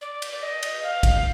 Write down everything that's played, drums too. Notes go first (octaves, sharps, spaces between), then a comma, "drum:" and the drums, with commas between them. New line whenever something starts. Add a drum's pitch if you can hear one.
D5
drum: cymbal
D5
D#5
drum: cymbal
F5
drum: kick, cymbal